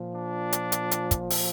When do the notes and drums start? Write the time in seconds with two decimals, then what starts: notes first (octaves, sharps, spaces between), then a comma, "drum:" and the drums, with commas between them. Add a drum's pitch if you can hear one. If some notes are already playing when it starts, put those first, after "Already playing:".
Already playing: A#2 F3
0.13 D4
0.52 drum: hi-hat
0.72 drum: hi-hat
0.91 drum: hi-hat
1.11 drum: kick, hi-hat
1.30 drum: open hi-hat